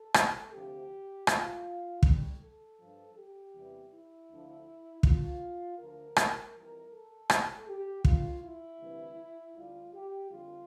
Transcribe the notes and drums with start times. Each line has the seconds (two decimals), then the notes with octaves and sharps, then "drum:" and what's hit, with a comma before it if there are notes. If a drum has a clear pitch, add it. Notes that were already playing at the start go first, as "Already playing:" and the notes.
Already playing: A4
0.14 drum: rim click
0.52 D2 C3 F3 G4
1.27 A2 F3 F4, drum: rim click
2.03 E2 D3 G3, drum: kick
2.40 A4
2.78 G2 F3
3.15 G4
3.53 E2 C3 E3 G3
3.90 E4
4.29 D2 D3 F3
5.03 E2 D3 F3 F4, drum: kick
5.79 D2 D3 F3 A#4
6.16 drum: rim click
6.54 F2 E3 G3
6.92 A4
7.30 A2 G3, drum: rim click
7.67 G4
8.05 F2 D3 G3 F4, drum: kick
8.42 E4
8.79 D2 C3 E3 G3
9.55 D2 D3 G3 F4
9.93 G4
10.30 F2 D3 G3 F4